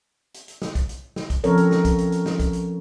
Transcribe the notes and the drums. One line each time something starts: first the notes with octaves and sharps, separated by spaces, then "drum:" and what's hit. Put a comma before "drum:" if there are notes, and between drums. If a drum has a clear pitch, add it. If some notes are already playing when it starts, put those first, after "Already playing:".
drum: hi-hat
drum: hi-hat
drum: snare
drum: kick, hi-hat
drum: hi-hat
drum: snare
drum: kick, hi-hat
F3 C4 C#4 A4 A#4 C#5, drum: hi-hat
drum: hi-hat
drum: snare
drum: kick, hi-hat
drum: hi-hat
drum: hi-hat
drum: snare
drum: kick, hi-hat
drum: hi-hat